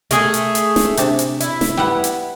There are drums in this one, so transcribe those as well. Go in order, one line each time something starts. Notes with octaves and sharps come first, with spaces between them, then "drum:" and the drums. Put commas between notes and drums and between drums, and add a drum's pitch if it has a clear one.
A3 G#4 A#4 G#5, drum: hi-hat
drum: hi-hat
drum: hi-hat
drum: snare
C3 D4 A5, drum: hi-hat
drum: hi-hat
E4, drum: hi-hat
drum: snare
G3 B3 F#5
drum: hi-hat